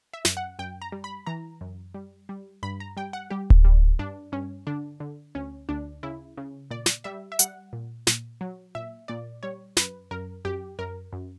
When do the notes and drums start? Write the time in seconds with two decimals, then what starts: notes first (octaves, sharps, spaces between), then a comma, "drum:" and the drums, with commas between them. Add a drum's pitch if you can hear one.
0.13 E5
0.25 F#2, drum: snare
0.37 F#5
0.59 F#2 G5
0.82 A#5
0.92 G3
1.04 B5
1.27 E3 A#5
1.61 F#2
1.94 G3
2.29 G3
2.63 G2 B5
2.80 A#5
2.97 G3 G5
3.13 F#5
3.30 G3 G4
3.50 drum: kick D1
3.65 G3
3.99 G2 D4
4.32 G2 C#4
4.67 D3 D4
5.00 D3
5.35 D2 C#4
5.69 D2 D4
6.03 C#3 E4
6.37 C#3
6.71 A#2 D5
6.86 drum: snare
7.04 G3 E5
7.32 E5
7.39 G3 F#5, drum: hi-hat
7.73 A#2
8.07 A#2, drum: snare
8.41 F#3
8.75 A#2 E5
9.08 A#2 D5
9.43 G3 C#5
9.77 F#2 B4, drum: snare
10.11 F#2 A#4
10.45 F#2 G4
10.79 F#2 A#4
11.13 F#2